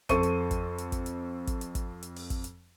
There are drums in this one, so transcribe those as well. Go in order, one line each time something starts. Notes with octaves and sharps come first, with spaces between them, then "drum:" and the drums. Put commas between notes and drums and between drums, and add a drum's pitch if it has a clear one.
F2 A4 C5 C#6 D#7, drum: kick, hi-hat
drum: hi-hat
drum: kick, hi-hat
drum: hi-hat
drum: kick, hi-hat
drum: hi-hat
drum: kick, hi-hat
drum: hi-hat
drum: kick, hi-hat
drum: hi-hat
drum: open hi-hat
drum: kick, hi-hat
drum: hi-hat